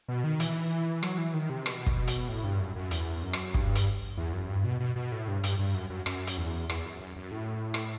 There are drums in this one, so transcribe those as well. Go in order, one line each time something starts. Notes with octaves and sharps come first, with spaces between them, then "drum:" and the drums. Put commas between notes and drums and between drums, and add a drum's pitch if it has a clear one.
B2
D#3
E3, drum: hi-hat
F#3, drum: rim click
E3
D#3
C3
B2, drum: rim click
drum: kick
drum: hi-hat
A2
G2
F#2
F#2
E2, drum: hi-hat
F#2
drum: rim click
G2, drum: kick
drum: hi-hat
E2
F#2
G2
B2
B2
B2
A2
G2
G2, drum: hi-hat
G2
F#2
F#2
F#2, drum: rim click
drum: hi-hat
E2
E2, drum: rim click
F#2
F#2
F#2
A2
drum: rim click